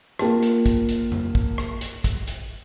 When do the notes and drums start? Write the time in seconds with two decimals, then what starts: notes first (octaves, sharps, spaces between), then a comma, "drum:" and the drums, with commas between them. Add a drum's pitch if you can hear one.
0.19 A#3 F4 G5 A5, drum: rim click
0.43 drum: hi-hat
0.66 drum: kick, hi-hat
0.89 drum: hi-hat
1.12 drum: tom F2
1.35 drum: kick
1.58 drum: rim click
1.81 drum: hi-hat
2.04 drum: kick, hi-hat
2.27 drum: hi-hat